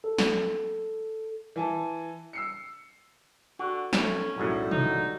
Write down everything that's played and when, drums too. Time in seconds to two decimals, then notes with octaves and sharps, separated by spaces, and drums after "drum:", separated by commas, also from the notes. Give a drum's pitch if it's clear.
0.04 A4
0.18 drum: snare
1.56 E3 G#5 A5
2.33 E6 C7 C#7
3.59 D3 F#4
3.93 A3 C#4, drum: snare
4.36 B1 F#2 A2 D3 G3 F#4
4.71 D#4, drum: tom B2